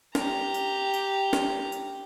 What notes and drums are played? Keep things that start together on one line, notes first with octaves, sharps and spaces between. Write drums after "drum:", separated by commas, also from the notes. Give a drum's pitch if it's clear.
G4 A#5, drum: snare
drum: tambourine
drum: tambourine
drum: snare
drum: tambourine